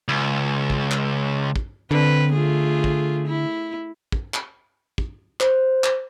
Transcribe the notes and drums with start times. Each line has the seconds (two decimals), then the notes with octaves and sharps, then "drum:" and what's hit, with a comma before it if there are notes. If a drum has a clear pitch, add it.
0.08 C#2
0.70 drum: kick
0.91 drum: clap
1.56 drum: kick
1.91 D3 C4 B4
2.33 A3 F4 G#4
2.84 drum: kick
3.27 E4
4.12 drum: kick
4.34 drum: clap
4.98 drum: kick
5.40 C5, drum: clap
5.84 drum: clap